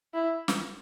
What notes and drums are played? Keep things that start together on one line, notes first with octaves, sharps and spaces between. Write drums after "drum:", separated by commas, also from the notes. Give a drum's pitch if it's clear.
E4
drum: snare